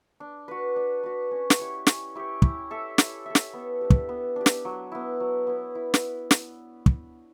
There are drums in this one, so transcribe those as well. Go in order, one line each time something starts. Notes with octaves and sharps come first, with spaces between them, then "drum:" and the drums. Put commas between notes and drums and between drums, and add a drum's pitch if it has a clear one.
D4
F#4 B4
D4
F#4 B4
C#4
drum: snare
E4 G4 C#5
C#4, drum: snare
E4 G4 C#5
E4, drum: kick
A4 E5
E4, drum: snare
A4 E5
drum: snare
B3
D4 G4
drum: kick
B3
D4 G4
drum: snare
F#3
B3 E4
F#3
B3 E4
E4
drum: snare
drum: snare
drum: kick